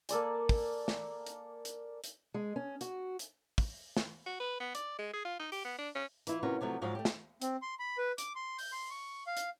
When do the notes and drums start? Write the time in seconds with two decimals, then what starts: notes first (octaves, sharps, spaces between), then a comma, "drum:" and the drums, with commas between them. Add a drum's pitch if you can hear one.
0.09 A#3 A4 D5 G#5, drum: hi-hat
0.49 drum: kick, open hi-hat
0.88 drum: snare
1.26 drum: hi-hat
1.65 drum: hi-hat
2.04 drum: hi-hat
2.34 G#3
2.56 C#4
2.81 F#4, drum: hi-hat
3.19 drum: hi-hat
3.58 drum: kick, open hi-hat
3.97 drum: snare
4.27 F#4
4.40 B4
4.60 B3
4.75 D5, drum: hi-hat
4.99 G#3
5.14 G#4
5.25 F4
5.39 D#4
5.52 G4, drum: open hi-hat
5.65 B3
5.79 D4
5.95 C#4
6.27 E3 E4 F4, drum: hi-hat
6.43 C3 A#3 C#4 F4 F#4
6.61 C3 F3 F#3 A3
6.81 G#2 F3 F#3 F#4 F5
6.95 A3 G4
7.05 drum: snare
7.42 C4, drum: hi-hat
7.62 C6
7.79 B5
7.98 B4
8.18 D6, drum: hi-hat
8.36 C6
8.58 G6, drum: open hi-hat
8.72 C6
8.90 C#6
9.27 F5
9.37 drum: hi-hat